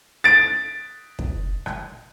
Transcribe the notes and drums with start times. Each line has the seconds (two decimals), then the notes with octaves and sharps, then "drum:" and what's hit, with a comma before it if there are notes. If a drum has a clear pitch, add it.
0.24 A6 D7
1.19 drum: kick
1.66 drum: rim click